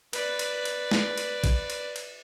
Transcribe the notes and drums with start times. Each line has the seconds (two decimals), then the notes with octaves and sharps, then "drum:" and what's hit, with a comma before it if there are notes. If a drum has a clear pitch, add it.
0.13 B4 D5, drum: cymbal
0.39 drum: cymbal
0.65 drum: cymbal
0.91 drum: snare
1.18 drum: cymbal
1.44 drum: kick, cymbal
1.70 drum: cymbal
1.96 drum: cymbal